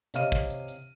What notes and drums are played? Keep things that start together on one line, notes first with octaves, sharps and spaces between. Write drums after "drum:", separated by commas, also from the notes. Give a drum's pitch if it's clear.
C3 C#5 D#5 F5 F6 D#7, drum: hi-hat
drum: kick, hi-hat
drum: hi-hat
drum: hi-hat